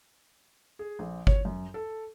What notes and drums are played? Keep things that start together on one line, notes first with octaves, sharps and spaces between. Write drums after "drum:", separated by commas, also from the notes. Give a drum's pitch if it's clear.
G#4
A#1
C#5, drum: kick G1
F#2
A4